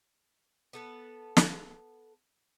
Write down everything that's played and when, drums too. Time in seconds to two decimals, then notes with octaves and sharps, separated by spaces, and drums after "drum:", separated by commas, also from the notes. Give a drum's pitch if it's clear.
0.73 B3 A4 B4
1.37 drum: snare